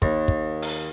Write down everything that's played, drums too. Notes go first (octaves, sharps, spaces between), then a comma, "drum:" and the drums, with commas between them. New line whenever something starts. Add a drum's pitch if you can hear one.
D#2, drum: kick
drum: kick
drum: open hi-hat